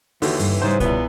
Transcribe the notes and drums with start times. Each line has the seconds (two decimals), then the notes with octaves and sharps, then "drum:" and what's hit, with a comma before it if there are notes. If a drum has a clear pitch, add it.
0.22 D#2 D3 E3 F#4, drum: open hi-hat
0.39 G2, drum: open hi-hat
0.62 G#2 C#3 G3 C5
0.80 E2 A#2 B3 B4, drum: kick, hi-hat